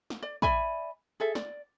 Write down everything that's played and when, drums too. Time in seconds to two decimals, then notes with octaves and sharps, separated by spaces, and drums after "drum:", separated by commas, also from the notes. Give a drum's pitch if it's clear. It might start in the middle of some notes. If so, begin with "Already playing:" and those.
0.10 drum: snare
0.23 D5
0.42 D5 E5 G#5 B5, drum: kick
1.20 G#4 A4 E5
1.35 D5, drum: snare